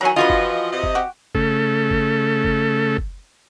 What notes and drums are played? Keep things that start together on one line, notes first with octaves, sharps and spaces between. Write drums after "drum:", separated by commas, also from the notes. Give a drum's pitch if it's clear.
D#3 E3 F#3 G#5 A#5
E3 F3 F4 F#4 B4 D#5
drum: kick F#1
C3 D#5
drum: kick F#1
F#4 G4
C#3 A3 A4, drum: kick F#1
drum: kick F#1
drum: kick F#1
drum: kick F#1